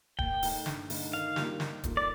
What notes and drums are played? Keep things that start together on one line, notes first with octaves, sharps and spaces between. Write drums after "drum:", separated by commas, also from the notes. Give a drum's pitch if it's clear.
A#2 G5, drum: kick D#1
A3 D#4, drum: open hi-hat
G2, drum: snare
D3 A3 D#4 A4, drum: open hi-hat
D#3 F5
G3 A#3 D4 F4, drum: snare
D#3, drum: snare
A#3 F4 A4, drum: kick D#1, hi-hat
D5